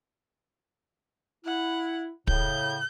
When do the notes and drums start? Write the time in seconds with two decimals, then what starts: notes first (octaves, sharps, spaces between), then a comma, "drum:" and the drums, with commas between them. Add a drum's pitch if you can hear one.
1.45 E4 F#5
2.27 A2 C#3 G6, drum: kick